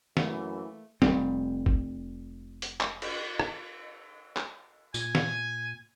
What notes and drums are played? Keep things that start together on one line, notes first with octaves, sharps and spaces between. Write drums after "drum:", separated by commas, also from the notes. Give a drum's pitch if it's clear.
F#2 E3 A3 A#3 B4, drum: snare
F1 F2 G3 C4, drum: snare
drum: kick
drum: hi-hat
drum: clap
drum: cymbal
drum: rim click
drum: clap
A#2 G#5, drum: tambourine
drum: snare